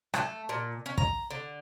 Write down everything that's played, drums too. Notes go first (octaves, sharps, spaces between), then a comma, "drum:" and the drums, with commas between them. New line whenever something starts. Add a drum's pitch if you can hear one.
A3, drum: rim click
A#2
C#4
A#5, drum: kick
D3